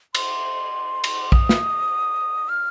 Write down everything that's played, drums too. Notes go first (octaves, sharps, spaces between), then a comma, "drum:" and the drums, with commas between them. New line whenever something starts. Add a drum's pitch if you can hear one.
C6, drum: cymbal
drum: cymbal
D#6, drum: kick A#1
drum: snare
F6